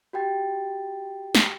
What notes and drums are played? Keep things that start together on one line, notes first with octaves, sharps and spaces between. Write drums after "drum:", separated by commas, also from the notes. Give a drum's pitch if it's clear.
F#4 G4 G5 A6
drum: snare